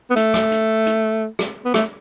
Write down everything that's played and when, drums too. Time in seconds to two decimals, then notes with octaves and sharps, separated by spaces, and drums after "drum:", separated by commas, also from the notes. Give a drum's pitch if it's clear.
0.11 B3
0.16 A3, drum: hi-hat
0.34 drum: rim click
0.51 drum: hi-hat
0.86 drum: hi-hat
1.39 drum: rim click
1.65 B3
1.74 A3, drum: rim click